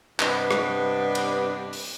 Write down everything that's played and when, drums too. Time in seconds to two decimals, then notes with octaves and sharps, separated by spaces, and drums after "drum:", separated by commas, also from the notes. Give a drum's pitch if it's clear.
0.20 G2 C3 B3 D4 B4 D#5, drum: clap
0.51 drum: rim click
1.15 drum: cymbal
1.73 drum: open hi-hat